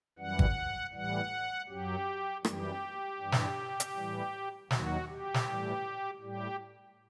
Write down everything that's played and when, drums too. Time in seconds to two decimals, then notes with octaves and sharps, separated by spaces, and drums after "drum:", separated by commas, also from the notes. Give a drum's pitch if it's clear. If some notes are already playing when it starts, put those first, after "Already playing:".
0.18 F#2 E3 G3 F#5
0.39 drum: kick G#1
0.94 A2 E3 G3 F#5
1.69 F#2 F#3 G4
2.45 F#2 E3 G3 G4, drum: rim click
3.20 G2 E3 G3
3.32 drum: snare
3.80 drum: hi-hat
3.95 A2 E3 G3
4.71 D#2 D#3 F#3 F#4, drum: snare
5.08 G4
5.34 drum: snare
5.47 A2 E3 G3
6.21 A2 G3 G4